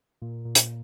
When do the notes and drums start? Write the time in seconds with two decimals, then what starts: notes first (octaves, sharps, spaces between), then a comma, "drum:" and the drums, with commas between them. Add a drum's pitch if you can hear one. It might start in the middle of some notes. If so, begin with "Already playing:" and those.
0.22 A#2
0.45 A#2
0.55 drum: hi-hat